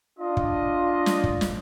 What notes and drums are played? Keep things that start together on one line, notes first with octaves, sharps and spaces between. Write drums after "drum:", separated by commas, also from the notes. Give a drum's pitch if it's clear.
D4 F4 D#5
drum: kick
drum: snare
drum: kick
drum: snare